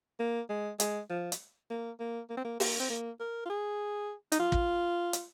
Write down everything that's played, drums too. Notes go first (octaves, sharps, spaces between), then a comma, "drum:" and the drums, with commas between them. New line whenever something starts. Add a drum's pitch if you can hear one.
A#3
G#3
G#3, drum: hi-hat
F3
drum: hi-hat
A#3
A#3
A#3
C4
A#3
A#3, drum: open hi-hat
C4
A#3
A#4
F4
G#4
D#4, drum: hi-hat
F4
drum: kick
drum: hi-hat